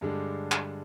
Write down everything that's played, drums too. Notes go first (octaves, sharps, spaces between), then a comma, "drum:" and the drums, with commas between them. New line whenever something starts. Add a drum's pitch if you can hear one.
G2 D3 G#3 D4 G4
drum: clap